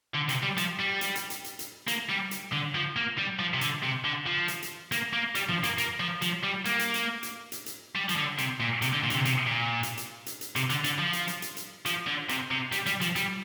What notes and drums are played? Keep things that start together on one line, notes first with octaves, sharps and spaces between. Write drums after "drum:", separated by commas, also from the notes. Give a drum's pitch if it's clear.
D3
C3, drum: hi-hat
G3
F3, drum: hi-hat
G3
drum: hi-hat
drum: hi-hat
drum: hi-hat
drum: hi-hat
drum: hi-hat
A#3, drum: hi-hat
G3
drum: hi-hat
D3
F3
A#3
G3
F3
C3
D3, drum: hi-hat
C3
D3
F3
drum: hi-hat
drum: hi-hat
A#3, drum: hi-hat
A#3
G3, drum: hi-hat
F3, drum: tom F#2
A#3, drum: hi-hat
A#3, drum: hi-hat
F3
F3, drum: hi-hat
G3
A#3, drum: hi-hat
drum: hi-hat
drum: hi-hat
drum: hi-hat
drum: hi-hat
drum: hi-hat
G3
F3, drum: hi-hat
D3
C3, drum: hi-hat
A#2
C3, drum: hi-hat
D3
A#2
D3, drum: hi-hat
C3
C3, drum: hi-hat
A#2
drum: hi-hat
drum: hi-hat
drum: hi-hat
drum: hi-hat
C3, drum: hi-hat
D3, drum: hi-hat
D3, drum: hi-hat
F3
drum: hi-hat
drum: hi-hat
drum: hi-hat
drum: hi-hat
F3, drum: hi-hat
D3
C3, drum: hi-hat
C3
G3, drum: hi-hat
G3, drum: hi-hat
F3, drum: hi-hat
G3, drum: hi-hat